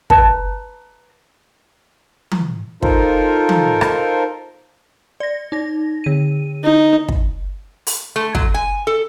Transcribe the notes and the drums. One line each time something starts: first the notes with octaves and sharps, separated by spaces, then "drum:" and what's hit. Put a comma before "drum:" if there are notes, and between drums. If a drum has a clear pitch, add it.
B4 A5 A#5, drum: kick
drum: tom E3
D#4 F4 A4 A#4 C5, drum: kick
drum: tom E3
drum: rim click
D5 A#6
D#4 A#6
D3 D#7
D#4
drum: kick
drum: open hi-hat
A3
F#3, drum: kick
G#5
A4